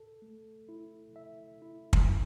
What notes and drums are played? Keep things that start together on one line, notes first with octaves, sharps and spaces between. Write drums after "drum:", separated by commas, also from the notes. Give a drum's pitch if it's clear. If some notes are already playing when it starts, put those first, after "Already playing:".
Already playing: A4
A3
E4
E5
E4
drum: kick
E4